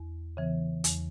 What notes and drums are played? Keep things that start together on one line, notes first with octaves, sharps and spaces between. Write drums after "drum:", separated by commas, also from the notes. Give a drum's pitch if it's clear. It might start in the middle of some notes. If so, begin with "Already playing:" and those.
Already playing: E2
C#3 E3 B3
E2, drum: hi-hat